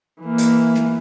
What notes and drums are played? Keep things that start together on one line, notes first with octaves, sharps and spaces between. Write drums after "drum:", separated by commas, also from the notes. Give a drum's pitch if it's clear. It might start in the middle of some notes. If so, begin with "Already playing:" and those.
E3 A#3
drum: hi-hat
drum: snare